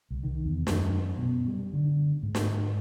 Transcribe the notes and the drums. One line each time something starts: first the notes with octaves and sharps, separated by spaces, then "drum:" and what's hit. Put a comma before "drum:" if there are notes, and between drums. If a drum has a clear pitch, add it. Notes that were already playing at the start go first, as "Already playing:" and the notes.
C2
D#3
E2
F#2, drum: snare
B2
G3
D3
G#2
drum: snare